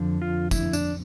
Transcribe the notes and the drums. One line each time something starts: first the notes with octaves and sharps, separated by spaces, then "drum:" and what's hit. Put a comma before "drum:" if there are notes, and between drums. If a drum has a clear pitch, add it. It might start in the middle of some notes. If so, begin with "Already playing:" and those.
Already playing: F2 D3 F3
F4
E4, drum: kick, tambourine
D4, drum: tambourine